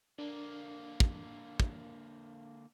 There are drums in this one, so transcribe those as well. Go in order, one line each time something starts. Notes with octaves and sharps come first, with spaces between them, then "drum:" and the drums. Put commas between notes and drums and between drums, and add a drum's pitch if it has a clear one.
D3 A#3 D4
drum: kick
drum: kick